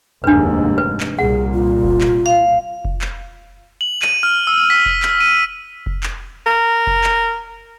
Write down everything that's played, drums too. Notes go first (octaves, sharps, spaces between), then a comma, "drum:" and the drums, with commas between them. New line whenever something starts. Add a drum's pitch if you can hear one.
F1 D#2 G#2 D4 B4
B4
drum: clap
C2 A#2 G#4 F#5
F4
drum: kick F1
drum: clap
F5
drum: kick F1
drum: clap
F#7
D#7, drum: clap
F6
E6
B6
drum: kick F1
drum: clap
D#7
drum: kick F1
drum: clap
A#4
drum: kick F1
drum: clap